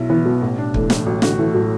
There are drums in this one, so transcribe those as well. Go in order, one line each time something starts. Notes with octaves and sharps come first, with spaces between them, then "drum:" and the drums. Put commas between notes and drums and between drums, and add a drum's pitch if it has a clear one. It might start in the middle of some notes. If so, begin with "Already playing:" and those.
Already playing: B1 E4
E3 B3
B2 F#3
A1 B3
D4
E3 A3, drum: kick
A2, drum: snare
A1 F#3
D3 F#4, drum: snare
E3 A3
A2 F#3